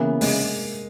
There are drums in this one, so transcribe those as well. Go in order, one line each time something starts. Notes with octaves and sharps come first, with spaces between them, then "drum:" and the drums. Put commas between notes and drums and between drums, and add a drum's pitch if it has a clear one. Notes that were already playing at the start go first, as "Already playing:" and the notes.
Already playing: C#3 E3 A#3 B3
G#3, drum: open hi-hat